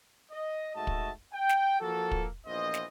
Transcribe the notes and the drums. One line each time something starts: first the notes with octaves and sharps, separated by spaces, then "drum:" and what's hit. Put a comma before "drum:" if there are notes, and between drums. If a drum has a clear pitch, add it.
D#5
G#2 A3 F#4 D#5 E5 A5
drum: kick
G5
drum: snare
F3 A#3 F#4 A4
drum: kick
A#1 E3 B3 F4 C5 D#5
drum: snare